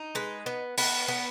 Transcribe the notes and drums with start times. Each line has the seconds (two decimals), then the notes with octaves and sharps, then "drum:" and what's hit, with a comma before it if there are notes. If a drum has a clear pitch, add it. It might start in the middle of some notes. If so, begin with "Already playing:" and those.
Already playing: D#4
0.15 G#3 B4
0.46 B3
0.78 B3 B4, drum: open hi-hat
1.08 B3